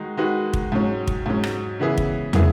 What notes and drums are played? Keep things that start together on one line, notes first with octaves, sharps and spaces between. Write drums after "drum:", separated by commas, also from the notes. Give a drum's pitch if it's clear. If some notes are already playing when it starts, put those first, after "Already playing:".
Already playing: D#3 G#3 D#4 F#4
D#3 G#3 D#4 F#4 B4
drum: kick
G#2 F#3 C#4
drum: kick
G#2 F#3 C#4
drum: rim click
C#3 E3 B3 E4 G#4
drum: kick
C#3 E3 B3 E4 G#4, drum: tom